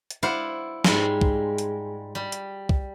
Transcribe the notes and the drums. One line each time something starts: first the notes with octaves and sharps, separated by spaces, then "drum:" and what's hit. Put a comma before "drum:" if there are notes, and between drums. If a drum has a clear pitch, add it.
drum: hi-hat
E4 C5 D5 F5 F#5
G#2 G3 G#3 F4, drum: snare
drum: kick
drum: hi-hat
G3
drum: hi-hat
drum: kick